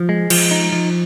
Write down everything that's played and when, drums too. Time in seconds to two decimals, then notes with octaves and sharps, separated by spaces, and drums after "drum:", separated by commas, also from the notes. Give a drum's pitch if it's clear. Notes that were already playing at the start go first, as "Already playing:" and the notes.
Already playing: F3
0.09 G#3
0.30 F3, drum: cymbal
0.51 D#4
0.72 F3